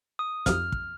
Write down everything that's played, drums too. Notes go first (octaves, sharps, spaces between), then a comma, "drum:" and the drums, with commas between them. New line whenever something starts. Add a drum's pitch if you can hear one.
D#6
F2 F3 D#4 G4 F6, drum: kick, hi-hat
drum: kick